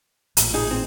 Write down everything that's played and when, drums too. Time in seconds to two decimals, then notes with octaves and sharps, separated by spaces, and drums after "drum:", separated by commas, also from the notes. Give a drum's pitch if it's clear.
0.37 A1 A#2, drum: hi-hat
0.54 D#4 G#4
0.71 C4